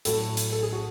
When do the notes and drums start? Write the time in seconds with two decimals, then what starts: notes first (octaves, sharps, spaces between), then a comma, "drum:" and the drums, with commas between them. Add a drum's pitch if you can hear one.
0.05 A2 F#3 A3 A4, drum: hi-hat
0.37 drum: hi-hat
0.52 A4
0.63 G#4
0.73 F#4